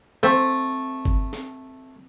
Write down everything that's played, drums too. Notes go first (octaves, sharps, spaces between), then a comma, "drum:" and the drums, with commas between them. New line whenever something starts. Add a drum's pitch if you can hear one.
A3 C4
drum: kick G1
drum: snare